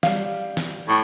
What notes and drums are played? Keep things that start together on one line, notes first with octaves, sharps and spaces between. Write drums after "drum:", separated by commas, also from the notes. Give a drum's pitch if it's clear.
G3 F5, drum: snare
drum: snare
A2 C#6